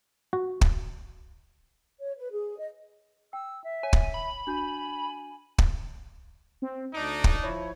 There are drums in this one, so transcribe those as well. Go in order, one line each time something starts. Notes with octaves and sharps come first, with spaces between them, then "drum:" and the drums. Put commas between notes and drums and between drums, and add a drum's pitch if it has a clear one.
F#4
drum: kick
C#5
B4
G#4
D#5
G5 E6
E5
C#5 G#5
drum: kick
B5
D4 F#4 G#5 G6
drum: kick
C4
D2 D4 D#4 D7
drum: kick
F3 E4 C#5